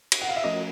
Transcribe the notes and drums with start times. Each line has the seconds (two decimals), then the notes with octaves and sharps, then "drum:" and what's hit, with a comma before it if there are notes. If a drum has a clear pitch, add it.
0.12 drum: cymbal
0.22 F#5
0.29 F5
0.36 E5
0.44 F3 A3 C#4 F#4 A#4 D#5